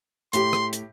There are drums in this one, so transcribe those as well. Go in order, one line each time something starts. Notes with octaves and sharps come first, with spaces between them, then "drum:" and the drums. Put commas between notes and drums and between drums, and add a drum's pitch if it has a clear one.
A2 G4 C6, drum: hi-hat
drum: rim click
drum: hi-hat